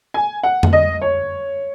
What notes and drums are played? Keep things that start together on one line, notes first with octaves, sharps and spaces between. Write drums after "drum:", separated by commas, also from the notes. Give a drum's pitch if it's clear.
G#5
F#5
drum: tom F2
D#5
C#5